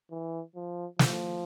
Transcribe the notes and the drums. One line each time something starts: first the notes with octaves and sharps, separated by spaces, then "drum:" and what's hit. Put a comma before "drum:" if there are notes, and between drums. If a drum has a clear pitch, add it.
E3
F3
F3, drum: snare